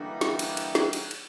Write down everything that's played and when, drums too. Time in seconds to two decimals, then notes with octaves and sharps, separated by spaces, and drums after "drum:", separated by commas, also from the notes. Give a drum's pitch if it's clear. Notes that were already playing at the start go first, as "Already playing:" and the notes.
Already playing: D3 E3 G3 A#3 D#4 F#4
0.21 drum: snare
0.39 drum: cymbal
0.57 drum: cymbal
0.75 drum: snare
0.93 drum: cymbal
1.11 drum: cymbal